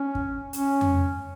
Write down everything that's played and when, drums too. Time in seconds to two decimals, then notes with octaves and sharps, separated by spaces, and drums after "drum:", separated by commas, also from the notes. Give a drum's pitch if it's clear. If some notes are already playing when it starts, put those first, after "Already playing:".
Already playing: C#4
0.15 drum: kick
0.53 C#4, drum: hi-hat
0.81 drum: tom F2